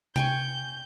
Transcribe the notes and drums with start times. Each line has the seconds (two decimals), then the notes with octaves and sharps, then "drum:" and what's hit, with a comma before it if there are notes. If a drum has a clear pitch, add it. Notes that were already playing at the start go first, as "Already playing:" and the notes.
0.16 G5 G#5 C#6 G6, drum: tom C3